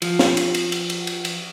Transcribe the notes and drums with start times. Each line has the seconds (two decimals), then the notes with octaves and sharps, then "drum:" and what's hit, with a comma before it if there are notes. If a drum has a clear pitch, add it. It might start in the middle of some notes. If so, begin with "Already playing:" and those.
0.02 F3, drum: cymbal
0.19 drum: snare
0.37 drum: cymbal
0.55 drum: cymbal
0.72 drum: cymbal
0.90 drum: cymbal
1.07 drum: cymbal
1.25 drum: cymbal